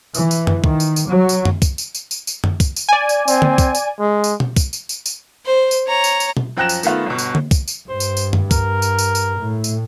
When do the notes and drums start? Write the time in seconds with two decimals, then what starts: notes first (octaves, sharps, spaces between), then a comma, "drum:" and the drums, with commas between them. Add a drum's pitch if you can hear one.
0.14 E3, drum: tambourine
0.31 drum: tambourine
0.47 drum: tom F#2
0.64 D#3, drum: kick
0.80 drum: tambourine
0.96 drum: tambourine
1.08 F#3
1.29 drum: tambourine
1.45 drum: tom F#2
1.62 drum: kick, tambourine
1.78 drum: tambourine
1.95 drum: tambourine
2.11 drum: tambourine
2.27 drum: tambourine
2.44 drum: tom F#2
2.60 drum: kick, tambourine
2.76 drum: tambourine
2.89 D5 G#5
3.09 drum: tambourine
3.28 C4, drum: tambourine
3.42 drum: tom D3
3.58 drum: kick, tambourine
3.75 drum: tambourine
4.00 G#3
4.24 drum: tambourine
4.40 drum: tom B2
4.56 drum: kick, tambourine
4.73 drum: tambourine
4.89 drum: tambourine
5.06 drum: tambourine
5.46 C5
5.71 drum: tambourine
5.87 C#5 A#5
6.04 drum: tambourine
6.20 drum: tambourine
6.37 drum: tom B2
6.57 F#2 F3 G5 F#6 A#6 E7
6.69 drum: tambourine
6.83 D#3 A3 B3 F4, drum: tambourine
7.06 G1 B2
7.18 drum: tambourine
7.35 drum: tom D3
7.51 drum: kick, tambourine
7.68 drum: tambourine
7.89 G2 C5
8.00 drum: tambourine
8.17 drum: tambourine
8.33 drum: tom F#2
8.51 A#4, drum: kick, tambourine
8.82 drum: tambourine
8.99 drum: tambourine
9.15 drum: tambourine
9.40 A2
9.64 drum: tambourine